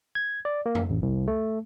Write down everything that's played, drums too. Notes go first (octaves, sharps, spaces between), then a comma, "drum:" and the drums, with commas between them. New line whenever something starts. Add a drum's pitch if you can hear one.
G#6
D5
A#3
drum: tom F2
A1
C2
A3